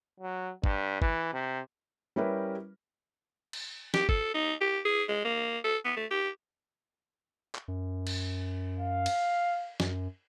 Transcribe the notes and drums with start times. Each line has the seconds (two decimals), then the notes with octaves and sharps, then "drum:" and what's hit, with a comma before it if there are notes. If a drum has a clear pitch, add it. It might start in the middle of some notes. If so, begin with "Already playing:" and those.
0.20 F#3
0.64 G2, drum: kick
1.02 E3, drum: kick
1.33 C3
2.16 G3 C#4 E4 G4 A#4 B4
3.53 drum: cymbal
3.94 G4, drum: snare
4.09 A4, drum: kick
4.34 D#4
4.61 G4
4.85 G#4
5.08 G#3
5.25 A#3
5.64 A4
5.85 B3
5.96 A3
6.11 G4
7.55 drum: clap
7.68 F#2
8.07 drum: cymbal
8.79 F5
9.06 drum: cymbal
9.80 F#2, drum: snare